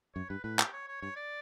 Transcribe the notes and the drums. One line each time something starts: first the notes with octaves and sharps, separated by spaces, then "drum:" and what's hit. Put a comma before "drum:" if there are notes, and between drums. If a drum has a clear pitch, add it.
F#2 C#5
G2 B4
A2 B4
G4, drum: clap
C#5
C#5
G2 C#5
D5